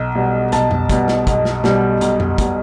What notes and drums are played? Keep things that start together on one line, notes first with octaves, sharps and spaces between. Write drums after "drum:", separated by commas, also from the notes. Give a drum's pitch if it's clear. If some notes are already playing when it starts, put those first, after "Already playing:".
Already playing: B1
B2 G3
B1 A5, drum: hi-hat
drum: tom F2
B2 G3, drum: kick, hi-hat
drum: snare
B1, drum: kick, hi-hat
drum: snare
B2 G3, drum: snare
B1, drum: hi-hat
drum: tom F2
B2 G3, drum: kick, hi-hat